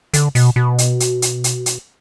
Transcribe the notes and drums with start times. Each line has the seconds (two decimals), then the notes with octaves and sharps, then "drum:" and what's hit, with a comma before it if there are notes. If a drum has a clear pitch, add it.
0.13 D3, drum: hi-hat
0.35 B2, drum: open hi-hat
0.56 B2
0.78 drum: hi-hat
1.00 drum: hi-hat
1.22 drum: hi-hat
1.44 drum: hi-hat
1.66 drum: hi-hat